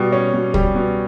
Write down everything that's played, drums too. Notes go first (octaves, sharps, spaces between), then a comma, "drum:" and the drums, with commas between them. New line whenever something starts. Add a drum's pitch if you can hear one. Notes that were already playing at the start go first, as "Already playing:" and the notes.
Already playing: B2 G3
C#4
B2
G3, drum: kick
B2